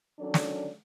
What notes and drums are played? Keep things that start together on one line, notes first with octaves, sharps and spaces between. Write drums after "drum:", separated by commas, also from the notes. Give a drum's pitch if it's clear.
D#3 F#3 C#4 D4 A4 D5
drum: snare